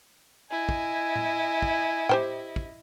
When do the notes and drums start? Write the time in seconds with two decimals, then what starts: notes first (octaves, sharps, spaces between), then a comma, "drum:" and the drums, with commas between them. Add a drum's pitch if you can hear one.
0.51 E4 D#5 G#5
0.69 drum: kick
1.16 drum: tom A2
1.62 drum: kick
2.09 G4 C5 G5, drum: tom A2
2.56 drum: kick